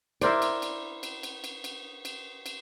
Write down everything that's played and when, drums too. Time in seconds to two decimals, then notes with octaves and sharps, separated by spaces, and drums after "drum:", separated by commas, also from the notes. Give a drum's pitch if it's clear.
0.21 E4 A#4 C5 D5, drum: cymbal
0.42 drum: cymbal
0.62 drum: cymbal
1.03 drum: cymbal
1.23 drum: cymbal
1.44 drum: cymbal
1.64 drum: cymbal
2.05 drum: cymbal
2.46 drum: cymbal